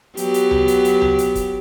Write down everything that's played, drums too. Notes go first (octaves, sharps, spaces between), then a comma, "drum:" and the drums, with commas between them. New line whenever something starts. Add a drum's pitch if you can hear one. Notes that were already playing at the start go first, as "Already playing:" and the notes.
F#3 B3 G4, drum: hi-hat
drum: hi-hat
drum: tom C#2
drum: hi-hat
drum: hi-hat
drum: tom C#2
drum: hi-hat
drum: kick, hi-hat